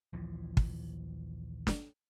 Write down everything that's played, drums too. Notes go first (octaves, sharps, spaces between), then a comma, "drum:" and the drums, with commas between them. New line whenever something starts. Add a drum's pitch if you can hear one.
A#1 D#2 E3 F3
drum: kick
drum: snare